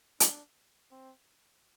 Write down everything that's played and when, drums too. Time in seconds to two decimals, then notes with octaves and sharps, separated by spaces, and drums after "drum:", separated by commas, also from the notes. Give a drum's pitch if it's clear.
0.20 D4, drum: hi-hat
0.91 C4